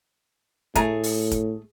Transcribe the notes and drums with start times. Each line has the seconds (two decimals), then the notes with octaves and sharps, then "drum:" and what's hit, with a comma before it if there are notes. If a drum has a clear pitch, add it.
0.75 A2 A3 G#4 A#5, drum: kick, hi-hat
1.03 drum: open hi-hat
1.31 drum: kick, hi-hat